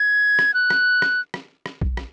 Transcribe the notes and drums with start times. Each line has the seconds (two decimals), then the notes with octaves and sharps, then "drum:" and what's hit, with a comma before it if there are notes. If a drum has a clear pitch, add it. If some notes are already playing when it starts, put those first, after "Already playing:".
Already playing: G#6
0.39 drum: rim click
0.54 F#6
0.70 drum: rim click
1.02 drum: rim click
1.34 drum: rim click
1.66 drum: rim click
1.81 drum: kick B1
1.97 drum: rim click